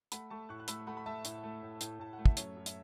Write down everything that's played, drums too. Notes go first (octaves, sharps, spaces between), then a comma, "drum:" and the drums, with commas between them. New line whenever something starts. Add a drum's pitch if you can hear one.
A3 F#5 B5, drum: hi-hat
A3 A5 C#6
A2 C#6 F#6
F#6
A3 B5 E6, drum: hi-hat
A3 F#5 B5
B5
A3 E5 A5
A2, drum: hi-hat
A3
A2
A2, drum: hi-hat
A2 A5
F#5
A3
E5, drum: kick
F#2 C#5, drum: hi-hat
F#2
E5, drum: hi-hat